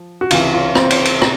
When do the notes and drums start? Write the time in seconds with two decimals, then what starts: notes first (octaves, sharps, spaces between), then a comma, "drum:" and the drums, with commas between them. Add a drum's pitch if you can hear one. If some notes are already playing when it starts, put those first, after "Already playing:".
Already playing: F3
0.21 F#4
0.31 C#2 C3 E3 F4, drum: cymbal
0.54 F4
0.75 C4, drum: rim click
0.90 drum: cymbal
1.05 drum: cymbal
1.22 C3, drum: rim click